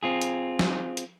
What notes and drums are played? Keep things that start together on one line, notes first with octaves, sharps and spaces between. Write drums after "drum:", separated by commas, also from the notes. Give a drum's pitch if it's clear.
C4 F4 G#4
drum: hi-hat
drum: snare
drum: hi-hat